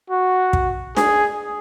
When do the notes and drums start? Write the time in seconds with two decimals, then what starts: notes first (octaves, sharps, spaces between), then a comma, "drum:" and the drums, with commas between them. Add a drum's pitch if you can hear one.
0.10 F#4
0.53 drum: kick
0.97 G#4, drum: snare D4